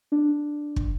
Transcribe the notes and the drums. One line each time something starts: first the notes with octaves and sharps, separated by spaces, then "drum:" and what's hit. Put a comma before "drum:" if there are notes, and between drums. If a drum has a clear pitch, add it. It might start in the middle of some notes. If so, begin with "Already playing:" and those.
D4
drum: kick